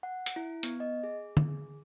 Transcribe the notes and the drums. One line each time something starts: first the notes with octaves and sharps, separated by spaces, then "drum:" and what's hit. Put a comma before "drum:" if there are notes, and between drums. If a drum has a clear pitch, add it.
F#5
drum: hi-hat
E4
B3, drum: hi-hat
D#5
G#4
drum: tom D3